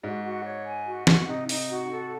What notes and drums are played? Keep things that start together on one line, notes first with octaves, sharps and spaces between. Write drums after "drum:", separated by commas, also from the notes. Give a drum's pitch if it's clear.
G#2 F#4
F#4
C#5
G#5
F#4
F#4, drum: snare
C3 D#4
D#4, drum: open hi-hat
F#4
A4